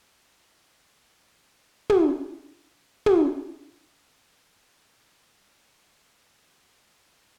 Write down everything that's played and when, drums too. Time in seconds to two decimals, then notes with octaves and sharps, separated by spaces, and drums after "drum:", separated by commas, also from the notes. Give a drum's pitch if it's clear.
0.68 A2 B3
1.21 A#2
1.54 D#5
1.90 drum: tom
2.28 D#3
3.06 drum: tom
3.99 A2 G#3 F5
4.13 F3 G4
4.89 D4
5.09 G#3 A#3 D#4 G#4
5.68 B4